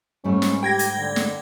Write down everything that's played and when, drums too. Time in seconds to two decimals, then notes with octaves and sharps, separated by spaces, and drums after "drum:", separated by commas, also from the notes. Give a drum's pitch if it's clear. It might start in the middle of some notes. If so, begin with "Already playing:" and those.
0.24 G#2 G3 A3 C#4
0.42 drum: snare
0.63 G4 G5 G#6 A#6
0.79 drum: hi-hat
0.98 D3
1.16 drum: snare